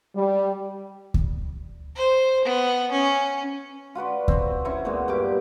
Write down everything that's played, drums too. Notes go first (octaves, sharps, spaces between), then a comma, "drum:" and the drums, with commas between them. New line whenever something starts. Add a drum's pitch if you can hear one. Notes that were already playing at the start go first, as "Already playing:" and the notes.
G3
drum: kick D2
C5
B3
C#4
F4 F#4 B4 D5
C4, drum: kick D2
C4 C#4 E4 C#6
A#2 G#3 B3
G2 G4 D6